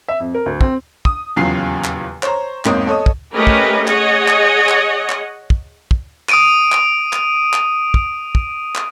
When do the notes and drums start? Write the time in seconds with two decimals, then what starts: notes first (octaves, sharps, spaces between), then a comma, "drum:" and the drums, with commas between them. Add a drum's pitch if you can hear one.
0.08 E5
0.20 F2
0.34 A#4
0.46 D2
0.61 C4, drum: kick
1.05 D#6, drum: kick
1.36 D#1 E2 C#3 F#3 F4 C7
1.84 drum: clap
2.23 C5 C#5 A#5, drum: clap
2.65 E1 G#2 A#3 C4 C#5 D#6, drum: clap
2.87 A4 C#5 D#5 D#6
3.06 drum: kick
3.36 A3 C#4 G4 A#4 B4 D#5
3.47 drum: kick
3.88 G#4 C#5 D#5 F#5, drum: clap
4.28 drum: clap
4.69 drum: clap
5.10 drum: clap
5.50 drum: kick
5.91 drum: kick
6.29 D#6 D7 D#7, drum: clap
6.72 drum: clap
7.13 drum: clap
7.53 drum: clap
7.94 drum: kick
8.35 drum: kick
8.75 drum: clap